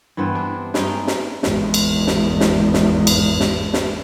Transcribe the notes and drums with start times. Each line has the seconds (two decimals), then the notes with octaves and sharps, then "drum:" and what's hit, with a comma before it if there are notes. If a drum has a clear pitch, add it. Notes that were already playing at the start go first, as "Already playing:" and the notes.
0.17 G2 E3 B3 C4
0.35 D4
0.74 G2 G#3 D#4 G5, drum: snare
1.07 drum: snare
1.43 G#1 E2, drum: snare
1.74 drum: cymbal
2.07 drum: snare
2.40 drum: snare
2.74 drum: snare
3.07 drum: cymbal
3.40 drum: snare
3.74 drum: snare